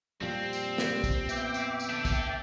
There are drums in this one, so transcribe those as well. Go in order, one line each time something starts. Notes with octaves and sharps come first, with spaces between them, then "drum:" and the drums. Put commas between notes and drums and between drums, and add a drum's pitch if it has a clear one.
F2 A#2 F3 G3 C4
drum: tambourine
drum: snare
drum: kick, tambourine
B3 E5 G5 D6, drum: tambourine
drum: tambourine
drum: tambourine
D4 A4
drum: kick, tambourine